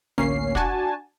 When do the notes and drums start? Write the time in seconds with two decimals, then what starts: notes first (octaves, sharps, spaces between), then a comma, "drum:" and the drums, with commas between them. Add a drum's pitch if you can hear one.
0.18 A1 D2 A#3 C#4 C7
0.55 D4 F#4 G#5 A5, drum: kick